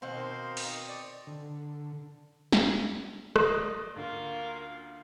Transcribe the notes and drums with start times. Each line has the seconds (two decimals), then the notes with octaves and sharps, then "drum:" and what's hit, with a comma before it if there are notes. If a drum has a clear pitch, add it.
0.02 B2 D#3 C4 F#4 F5 C6
0.16 D#4 A#4 C5
0.57 drum: open hi-hat
0.66 D#5 C#6
0.88 D5
1.27 D3
2.52 drum: snare
3.36 D5 D#5, drum: rim click
3.96 D2 A#3 C#4 F4